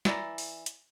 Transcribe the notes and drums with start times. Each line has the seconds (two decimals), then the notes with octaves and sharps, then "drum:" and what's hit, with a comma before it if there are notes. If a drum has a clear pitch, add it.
0.05 E3 E4 D5 A#5, drum: snare
0.38 drum: open hi-hat
0.66 drum: hi-hat